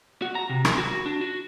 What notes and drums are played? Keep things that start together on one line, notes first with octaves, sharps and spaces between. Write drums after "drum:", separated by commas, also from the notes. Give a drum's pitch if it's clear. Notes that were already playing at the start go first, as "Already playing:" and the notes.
F#4
A#5
C3
A#4, drum: rim click
F#4
D4
F#4